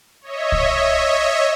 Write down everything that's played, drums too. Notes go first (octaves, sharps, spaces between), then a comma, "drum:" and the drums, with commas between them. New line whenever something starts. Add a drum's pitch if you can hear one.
C#5 D#5 E5
drum: kick C2